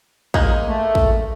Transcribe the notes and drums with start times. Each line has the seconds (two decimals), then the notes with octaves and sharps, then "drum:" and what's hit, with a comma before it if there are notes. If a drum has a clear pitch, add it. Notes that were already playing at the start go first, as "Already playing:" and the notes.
0.34 G#3 A#3 D#4, drum: kick
0.68 A3
0.95 drum: kick